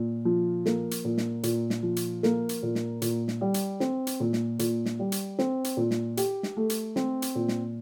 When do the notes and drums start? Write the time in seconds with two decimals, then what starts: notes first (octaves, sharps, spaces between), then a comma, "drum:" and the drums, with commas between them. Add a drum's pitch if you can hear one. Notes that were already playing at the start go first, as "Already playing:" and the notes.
Already playing: A#2
0.25 F3
0.66 A#3, drum: snare
0.91 drum: hi-hat
1.05 A#2
1.18 drum: snare
1.43 A#2, drum: hi-hat
1.70 drum: snare
1.83 F3
1.96 drum: hi-hat
2.23 A#3, drum: snare
2.49 drum: hi-hat
2.63 A#2
2.75 drum: snare
3.02 A#2, drum: hi-hat
3.28 drum: snare
3.41 G3
3.54 drum: hi-hat
3.80 C4, drum: snare
4.07 drum: hi-hat
4.20 A#2
4.33 drum: snare
4.59 A#2, drum: hi-hat
4.86 drum: snare
4.99 G3
5.12 drum: hi-hat
5.39 C4, drum: snare
5.64 drum: hi-hat
5.77 A#2
5.91 drum: snare
6.17 G4, drum: hi-hat
6.43 drum: snare
6.57 A3
6.70 drum: hi-hat
6.96 C4, drum: snare
7.22 drum: hi-hat
7.35 A#2
7.48 drum: snare